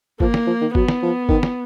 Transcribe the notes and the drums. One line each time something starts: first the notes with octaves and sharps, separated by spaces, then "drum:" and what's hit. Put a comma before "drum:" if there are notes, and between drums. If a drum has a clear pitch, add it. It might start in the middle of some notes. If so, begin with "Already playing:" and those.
F3 A#3, drum: kick G1
drum: snare
F3
D#3
F#3 B3, drum: kick G1
drum: snare
F3
D#3, drum: kick G1
drum: snare